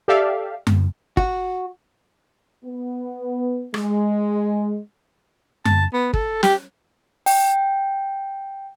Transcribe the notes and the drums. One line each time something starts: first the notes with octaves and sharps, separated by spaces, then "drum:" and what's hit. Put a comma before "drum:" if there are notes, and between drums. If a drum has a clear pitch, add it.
G4 A4 D5 E5 F5
drum: tom F#2
F#4, drum: kick
B3
G#3, drum: rim click
A5, drum: tom F#2
B3
A4, drum: kick
G4, drum: snare
G5, drum: open hi-hat